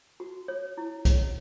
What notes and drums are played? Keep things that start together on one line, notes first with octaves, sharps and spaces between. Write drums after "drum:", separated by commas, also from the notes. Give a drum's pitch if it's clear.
F#4
C#5
E4
C#5, drum: kick, hi-hat